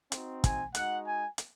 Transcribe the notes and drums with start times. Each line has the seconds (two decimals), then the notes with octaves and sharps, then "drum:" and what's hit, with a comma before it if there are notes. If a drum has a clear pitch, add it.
0.12 C4 D#4 F#4, drum: hi-hat
0.44 G#5, drum: kick, hi-hat
0.75 G#3 D#4 F#4 F#5, drum: hi-hat
1.06 G#5
1.38 drum: hi-hat